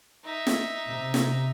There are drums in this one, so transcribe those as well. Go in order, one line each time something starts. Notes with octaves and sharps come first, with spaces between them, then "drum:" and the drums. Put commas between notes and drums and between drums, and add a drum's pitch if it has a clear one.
D#4 E5
drum: snare
C3
drum: snare